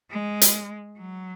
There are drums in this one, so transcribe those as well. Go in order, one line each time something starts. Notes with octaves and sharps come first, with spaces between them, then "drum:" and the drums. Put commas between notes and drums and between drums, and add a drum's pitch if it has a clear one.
G#3
drum: hi-hat
F#3